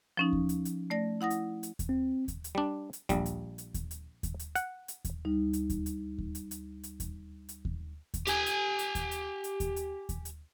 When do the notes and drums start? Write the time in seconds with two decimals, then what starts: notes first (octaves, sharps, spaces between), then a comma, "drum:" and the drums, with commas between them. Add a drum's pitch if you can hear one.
0.17 F3 C#4 D#4
0.33 drum: kick D#2
0.49 drum: hi-hat
0.65 drum: hi-hat
0.90 A3 D5 A#6
1.21 E4 F#5 D#6 A#6
1.30 drum: hi-hat
1.63 drum: hi-hat
1.79 drum: kick D#2, hi-hat
1.89 C4
2.28 drum: kick D#2, hi-hat
2.44 drum: hi-hat
2.55 G3 D4
2.93 drum: hi-hat
3.09 A#1 G3, drum: kick D#2, hi-hat
3.26 drum: hi-hat
3.58 drum: hi-hat
3.74 drum: kick D#2, hi-hat
3.91 drum: hi-hat
4.23 drum: kick D#2, hi-hat
4.39 drum: hi-hat
4.56 F#5, drum: hi-hat
4.88 drum: hi-hat
5.05 drum: kick D#2, hi-hat
5.25 D2 G3 D#4
5.53 drum: hi-hat
5.70 drum: kick D#2, hi-hat
5.86 drum: hi-hat
6.18 drum: kick D#2
6.35 drum: hi-hat
6.51 drum: hi-hat
6.83 drum: hi-hat
7.00 drum: kick D#2, hi-hat
7.49 drum: hi-hat
7.65 drum: kick D#2
8.14 drum: kick D#2, hi-hat
8.27 G4 G#5, drum: hi-hat
8.46 drum: hi-hat
8.79 drum: hi-hat
8.95 drum: kick D#2, hi-hat
9.11 drum: hi-hat
9.44 drum: hi-hat
9.60 drum: kick D#2, hi-hat
9.76 drum: hi-hat
10.09 drum: kick D#2, hi-hat
10.25 drum: hi-hat